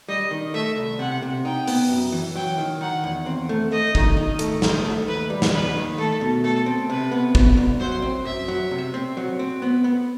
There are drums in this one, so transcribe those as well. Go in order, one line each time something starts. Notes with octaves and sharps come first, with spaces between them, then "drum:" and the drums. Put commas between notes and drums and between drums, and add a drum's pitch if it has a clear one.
G3 D#5
D#3
A3 E5
C2
C3 F#5
C3
D#4 G5
B3, drum: open hi-hat
F#2
E3
F#3 G5
D#3
D#3 F#5
E2
C4
A3
A3 D#5
D#3, drum: kick
D#4
A3, drum: hi-hat
D#4 C5, drum: snare
A3
D#2 B4
G3
drum: snare
D#2 B4
D#3
A3 A4
B2
A3 A4
C4
C3 B4
B3
B3, drum: kick
C2
F#3 C5
C4
F#2 E5
F#3
C3
C4
F#3
C4
B3
B3